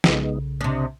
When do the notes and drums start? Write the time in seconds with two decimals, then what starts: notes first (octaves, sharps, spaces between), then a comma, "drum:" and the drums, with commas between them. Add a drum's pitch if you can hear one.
0.04 B1 C#3 G#3 B3 D#4, drum: snare
0.61 C3 D4 D#5